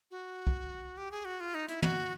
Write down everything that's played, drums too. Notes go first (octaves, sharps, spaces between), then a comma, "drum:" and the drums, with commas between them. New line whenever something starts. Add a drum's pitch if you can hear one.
F#4
drum: kick
G4
G#4
F#4
F4
D#4
E4, drum: hi-hat
F#4, drum: tom